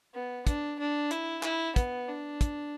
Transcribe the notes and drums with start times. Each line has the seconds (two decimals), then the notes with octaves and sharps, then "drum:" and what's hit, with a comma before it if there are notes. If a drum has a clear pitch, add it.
0.14 B3
0.47 D4, drum: kick, hi-hat
0.79 D4
1.11 E4, drum: hi-hat
1.43 E4, drum: clap
1.76 B3, drum: kick, hi-hat
2.09 D4
2.41 drum: kick, hi-hat